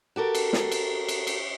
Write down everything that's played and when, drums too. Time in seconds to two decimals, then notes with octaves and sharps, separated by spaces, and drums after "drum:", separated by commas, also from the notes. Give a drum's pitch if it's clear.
0.16 F#4 G4 A4 A#4
0.35 drum: cymbal
0.53 drum: snare
0.72 drum: cymbal
1.08 drum: cymbal
1.27 drum: cymbal